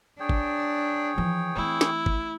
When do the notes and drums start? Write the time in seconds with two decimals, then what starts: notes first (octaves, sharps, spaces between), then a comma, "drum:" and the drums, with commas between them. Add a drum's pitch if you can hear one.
0.20 D4 G#4 C#5 G5
0.29 drum: kick
1.18 E3 F3
1.56 A3 C4 E4
1.81 drum: snare
2.06 drum: kick